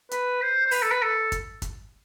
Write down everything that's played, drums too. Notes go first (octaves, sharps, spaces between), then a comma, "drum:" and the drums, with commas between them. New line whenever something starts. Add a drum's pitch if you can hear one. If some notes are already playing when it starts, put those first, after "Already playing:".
B4, drum: hi-hat
C5
C5
B4, drum: open hi-hat
A4
B4
A4
drum: kick, hi-hat
drum: kick, hi-hat